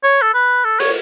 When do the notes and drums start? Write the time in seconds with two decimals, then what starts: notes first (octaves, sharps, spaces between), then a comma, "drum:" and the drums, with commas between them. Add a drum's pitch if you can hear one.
0.03 C#5
0.22 A4
0.34 B4
0.64 A4
0.80 C#5, drum: open hi-hat